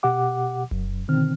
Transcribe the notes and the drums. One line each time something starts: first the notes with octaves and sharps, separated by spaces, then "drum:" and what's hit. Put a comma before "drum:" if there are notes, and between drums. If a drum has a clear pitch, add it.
B2 G4 F#5 D6
F#2, drum: kick F1
B2 D3 D#3 C4 F6